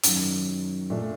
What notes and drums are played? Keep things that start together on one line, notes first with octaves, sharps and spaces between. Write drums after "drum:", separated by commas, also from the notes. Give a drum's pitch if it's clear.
F#2 D#3 F#3, drum: hi-hat
A#2 A3 D4